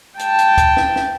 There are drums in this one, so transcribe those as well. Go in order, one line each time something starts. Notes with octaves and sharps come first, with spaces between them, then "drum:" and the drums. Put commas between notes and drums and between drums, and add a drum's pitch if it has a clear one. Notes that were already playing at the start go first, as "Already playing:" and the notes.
G5 A5, drum: hi-hat
drum: hi-hat
drum: kick D2, hi-hat
drum: snare
drum: snare